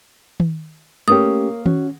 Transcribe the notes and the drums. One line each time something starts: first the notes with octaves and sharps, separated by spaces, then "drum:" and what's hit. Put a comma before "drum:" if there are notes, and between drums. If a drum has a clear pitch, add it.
drum: tom D#3
A3 A#3 C#4 G4 A#4 C#5 D#6
C#4 F#4, drum: tom D#3